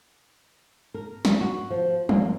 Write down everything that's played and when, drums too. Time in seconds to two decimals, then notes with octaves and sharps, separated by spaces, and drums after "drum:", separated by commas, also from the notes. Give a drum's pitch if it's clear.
0.94 A#4
1.25 drum: snare
1.41 F#4
1.70 F3
2.09 A#3, drum: tom